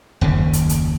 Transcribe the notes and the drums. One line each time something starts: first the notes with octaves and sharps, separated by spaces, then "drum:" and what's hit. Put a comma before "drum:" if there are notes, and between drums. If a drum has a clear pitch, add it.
F#1 D#2 C#3
drum: hi-hat
drum: hi-hat